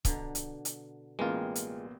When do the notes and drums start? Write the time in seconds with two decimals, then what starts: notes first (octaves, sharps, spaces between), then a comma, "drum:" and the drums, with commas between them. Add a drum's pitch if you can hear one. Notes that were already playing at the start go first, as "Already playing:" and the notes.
0.05 B2 D3 A#5, drum: kick C#1, hi-hat
0.35 drum: hi-hat
0.65 drum: hi-hat
1.19 A1 G3 G#3 A#3 B3 F4
1.55 drum: hi-hat